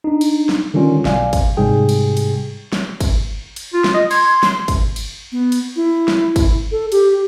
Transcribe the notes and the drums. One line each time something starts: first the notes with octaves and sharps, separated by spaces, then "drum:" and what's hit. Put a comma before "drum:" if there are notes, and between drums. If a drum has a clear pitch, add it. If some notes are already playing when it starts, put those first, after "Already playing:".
D4 D#4
drum: cymbal
drum: snare
D3 D#3 G3 C#4 F4
B1 D5 F5 G#5, drum: snare
drum: kick, cymbal
G#2 C3 G3 G#4 G5
drum: cymbal
drum: cymbal
drum: snare
drum: kick, cymbal
drum: cymbal
F4
drum: snare
D#5
C6 G#6, drum: cymbal
C6, drum: snare
drum: kick, cymbal
drum: cymbal
B3
drum: cymbal
E4
drum: snare
drum: kick, cymbal
A4
G4, drum: cymbal